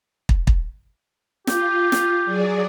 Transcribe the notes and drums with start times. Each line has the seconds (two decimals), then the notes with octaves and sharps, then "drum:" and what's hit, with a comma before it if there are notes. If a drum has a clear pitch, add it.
0.29 drum: kick
0.47 drum: kick
1.47 F4 G4, drum: snare
1.92 drum: snare
2.25 F#3 G#4 D5